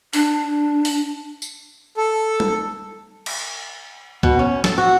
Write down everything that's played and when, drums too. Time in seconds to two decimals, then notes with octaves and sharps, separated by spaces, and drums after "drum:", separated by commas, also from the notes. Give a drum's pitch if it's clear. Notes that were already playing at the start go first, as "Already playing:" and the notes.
0.13 D4, drum: open hi-hat
0.85 drum: open hi-hat
1.42 drum: tambourine
1.97 A4
2.40 drum: tom G3
3.26 drum: cymbal
4.23 B2, drum: kick
4.39 C#4
4.64 A4, drum: snare
4.78 F#4